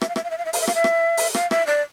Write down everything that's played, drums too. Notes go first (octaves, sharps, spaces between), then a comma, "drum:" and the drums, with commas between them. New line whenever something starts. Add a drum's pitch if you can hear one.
E5, drum: rim click
F5
E5, drum: rim click
F5
E5
F5
E5
F5, drum: open hi-hat
E5
F5, drum: rim click
E5
drum: rim click
drum: open hi-hat
F5, drum: rim click
E5, drum: rim click
D5